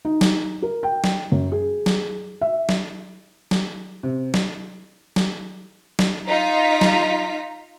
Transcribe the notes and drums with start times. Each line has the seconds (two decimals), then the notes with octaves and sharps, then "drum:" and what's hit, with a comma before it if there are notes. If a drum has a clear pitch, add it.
0.05 D#4
0.21 drum: snare
0.62 A#4
0.83 G5
1.04 drum: snare
1.32 F#2
1.52 G#4
1.86 drum: snare
2.41 E5
2.69 drum: snare
3.51 drum: snare
4.03 C3
4.34 drum: snare
5.16 drum: snare
5.99 drum: snare
6.27 D#4 F4 F5 A#5 B6
6.81 drum: snare